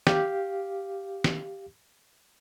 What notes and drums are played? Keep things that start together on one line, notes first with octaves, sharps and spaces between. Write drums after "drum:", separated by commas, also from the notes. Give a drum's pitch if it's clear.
G4 F5, drum: snare
drum: snare